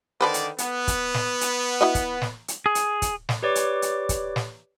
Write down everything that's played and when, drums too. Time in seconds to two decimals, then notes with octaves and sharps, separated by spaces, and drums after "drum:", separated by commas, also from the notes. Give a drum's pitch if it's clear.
0.21 D3 D#3 A4 B4 C5 D5
0.34 drum: hi-hat
0.58 B3, drum: hi-hat
0.88 drum: kick, hi-hat
1.14 drum: snare
1.41 drum: hi-hat
1.81 E4 F#4 D#5
1.95 drum: kick, hi-hat
2.22 drum: snare
2.48 drum: hi-hat
2.66 G#4
2.75 drum: hi-hat
3.02 drum: kick, hi-hat
3.29 drum: snare
3.43 G4 B4 C#5 D5 D6
3.55 drum: hi-hat
3.82 drum: hi-hat
4.09 drum: kick, hi-hat
4.36 drum: snare